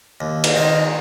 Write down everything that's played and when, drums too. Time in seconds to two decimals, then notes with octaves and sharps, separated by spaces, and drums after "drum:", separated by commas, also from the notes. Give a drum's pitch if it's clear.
0.21 D#2
0.44 drum: cymbal
0.56 D#3 C4 D#4